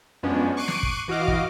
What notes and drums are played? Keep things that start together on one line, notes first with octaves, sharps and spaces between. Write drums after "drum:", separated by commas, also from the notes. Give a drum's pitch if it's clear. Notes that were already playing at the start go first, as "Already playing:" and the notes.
F#2 F3 G#3 B3 C#4 D4
C#6 D6 F#6 C7 D7 D#7
drum: snare
drum: kick
E3 F#4 D#5 F5 D6
drum: kick